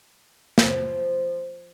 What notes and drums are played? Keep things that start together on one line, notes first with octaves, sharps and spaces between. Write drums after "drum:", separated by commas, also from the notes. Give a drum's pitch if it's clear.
F3, drum: snare